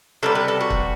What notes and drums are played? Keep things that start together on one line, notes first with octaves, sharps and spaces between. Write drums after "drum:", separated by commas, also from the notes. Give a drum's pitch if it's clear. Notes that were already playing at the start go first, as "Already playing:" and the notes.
C3 G3 B3 A4
B4
A4
F#4
drum: kick